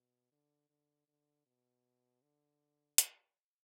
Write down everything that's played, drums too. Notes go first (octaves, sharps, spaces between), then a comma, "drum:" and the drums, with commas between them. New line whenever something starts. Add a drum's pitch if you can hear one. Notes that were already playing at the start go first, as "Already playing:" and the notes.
Already playing: B2
D3
D3
D3
B2
D3
drum: hi-hat